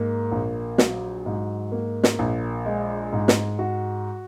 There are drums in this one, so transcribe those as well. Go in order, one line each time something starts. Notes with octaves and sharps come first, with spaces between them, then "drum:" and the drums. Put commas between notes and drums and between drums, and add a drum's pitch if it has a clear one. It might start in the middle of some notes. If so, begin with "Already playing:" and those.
Already playing: G#2 A#3
A#1
F#3, drum: snare
G#2
A#3
drum: snare
A#1
G#3
G#2
drum: snare
F#4